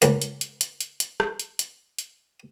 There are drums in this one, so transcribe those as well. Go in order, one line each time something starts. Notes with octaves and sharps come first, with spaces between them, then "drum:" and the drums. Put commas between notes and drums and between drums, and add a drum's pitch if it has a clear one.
C#2 A#3, drum: hi-hat
drum: hi-hat
drum: hi-hat
drum: hi-hat
drum: hi-hat
drum: hi-hat
drum: rim click
drum: hi-hat
drum: hi-hat
drum: hi-hat